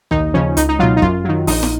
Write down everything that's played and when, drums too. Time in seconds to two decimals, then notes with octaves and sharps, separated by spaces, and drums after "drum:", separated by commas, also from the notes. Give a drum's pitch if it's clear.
0.11 D#2 D#4, drum: tom A#1
0.34 C#3 F3 C#4
0.57 C#2 D#4, drum: hi-hat
0.69 D#4
0.79 B2 F#3 F4
0.97 D#4
1.02 F#2 F4, drum: kick
1.25 D#3 F#3
1.47 A#1 D#4, drum: open hi-hat
1.63 drum: snare